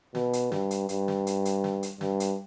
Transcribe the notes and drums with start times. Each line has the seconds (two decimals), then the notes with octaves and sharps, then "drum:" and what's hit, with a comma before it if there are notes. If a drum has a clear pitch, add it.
0.15 B2, drum: snare
0.33 drum: hi-hat
0.52 G2, drum: snare
0.71 drum: hi-hat
0.89 G2, drum: hi-hat
1.08 drum: snare
1.27 drum: hi-hat
1.45 drum: hi-hat
1.64 drum: snare
1.83 drum: hi-hat
2.01 G2, drum: snare
2.20 drum: hi-hat